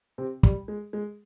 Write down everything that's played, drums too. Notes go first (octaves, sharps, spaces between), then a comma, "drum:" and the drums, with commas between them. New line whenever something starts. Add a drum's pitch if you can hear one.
C3 C4
G3, drum: kick
G#3
G#3